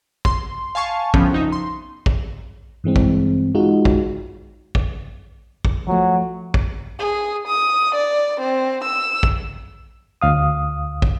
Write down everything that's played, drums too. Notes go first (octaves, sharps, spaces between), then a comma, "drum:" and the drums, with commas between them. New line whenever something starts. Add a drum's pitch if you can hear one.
C6, drum: kick
F5 G#5 A5 C#6 C7
A2 C#3 F3 G3 B3 C#4, drum: kick
C2 F2 D#4 E5
C6
drum: kick
G2 E3 G#3 C4
drum: kick
G#3 D#4 F4 F#4
drum: kick
drum: kick
drum: kick
F3 F#3 A3
drum: kick
G#4
D#6
D5
C4
E6
drum: kick
D2 F5 D#6
drum: kick